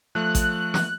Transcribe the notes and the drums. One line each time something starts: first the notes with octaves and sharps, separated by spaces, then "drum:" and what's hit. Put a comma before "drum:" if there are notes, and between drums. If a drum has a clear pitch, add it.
F3 A3 F#6
drum: kick A1, hi-hat
drum: snare